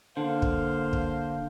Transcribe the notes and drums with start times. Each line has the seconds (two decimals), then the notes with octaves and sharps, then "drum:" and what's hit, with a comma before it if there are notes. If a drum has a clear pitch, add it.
0.17 D3 A#3 C5 F5
0.42 drum: kick
0.93 drum: kick